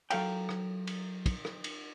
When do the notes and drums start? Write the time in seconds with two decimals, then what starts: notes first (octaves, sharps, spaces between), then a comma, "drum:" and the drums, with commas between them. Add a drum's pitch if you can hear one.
0.10 F#3 A4 F5 G5, drum: cymbal
0.49 drum: rim click
0.87 drum: cymbal
1.26 drum: kick, cymbal
1.45 drum: rim click
1.64 drum: cymbal